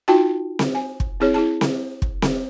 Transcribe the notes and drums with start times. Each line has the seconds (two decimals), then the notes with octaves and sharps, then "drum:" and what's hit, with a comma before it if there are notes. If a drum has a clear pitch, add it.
0.08 D#4 F4 F#4 G5 A5
0.59 drum: snare C4
0.75 G#5
1.00 drum: kick
1.20 C4 E4 G#4 C#5
1.34 E4 G#4 A5
1.61 drum: snare C4
2.02 drum: kick
2.22 drum: snare C4